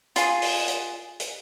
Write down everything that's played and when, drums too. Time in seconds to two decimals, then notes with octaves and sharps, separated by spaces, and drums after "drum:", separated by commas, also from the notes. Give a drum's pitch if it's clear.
0.16 F4 G#4, drum: hi-hat
0.42 drum: open hi-hat
0.68 drum: hi-hat
1.20 drum: hi-hat